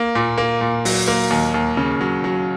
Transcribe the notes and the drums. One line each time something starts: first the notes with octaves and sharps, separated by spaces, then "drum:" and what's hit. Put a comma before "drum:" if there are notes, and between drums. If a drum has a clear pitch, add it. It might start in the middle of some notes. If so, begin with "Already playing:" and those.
Already playing: A#3
A#2
A#3
A#2
F#3, drum: open hi-hat
A#3
D#2
D#2
C#3
F#3
F#3